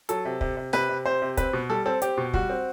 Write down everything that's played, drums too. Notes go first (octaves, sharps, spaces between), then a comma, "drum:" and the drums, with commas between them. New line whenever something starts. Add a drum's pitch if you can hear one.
F#3 A4, drum: hi-hat
C3
C3, drum: kick
C3
C3 B4, drum: snare
C3
C3 C5
C3
C4 B4, drum: kick, hi-hat
B2
G3 A4
C4 A4
C4 G4, drum: hi-hat
B2
G3 F#4, drum: kick
C4